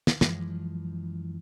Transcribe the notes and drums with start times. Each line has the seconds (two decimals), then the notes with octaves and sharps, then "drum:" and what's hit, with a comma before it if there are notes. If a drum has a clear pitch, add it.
0.07 drum: snare
0.21 F#2 E3 F3 G#3, drum: snare